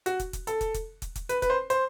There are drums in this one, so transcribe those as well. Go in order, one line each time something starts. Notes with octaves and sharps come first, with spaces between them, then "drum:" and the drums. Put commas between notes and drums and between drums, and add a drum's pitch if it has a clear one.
F#4, drum: hi-hat
drum: kick, hi-hat
drum: kick, hi-hat
A4, drum: hi-hat
drum: kick, hi-hat
drum: kick, hi-hat
drum: kick, hi-hat
drum: kick, hi-hat
B4, drum: hi-hat
B4, drum: kick, hi-hat
C5
C5, drum: hi-hat